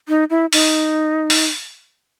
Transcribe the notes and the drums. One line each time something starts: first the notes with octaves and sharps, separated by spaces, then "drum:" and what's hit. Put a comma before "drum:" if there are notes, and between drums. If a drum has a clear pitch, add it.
D#4
E4
D#4, drum: open hi-hat
drum: open hi-hat